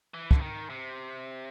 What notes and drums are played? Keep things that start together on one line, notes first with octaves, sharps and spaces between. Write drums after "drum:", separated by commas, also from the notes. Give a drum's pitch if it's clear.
E3
D3, drum: kick
D#3
C3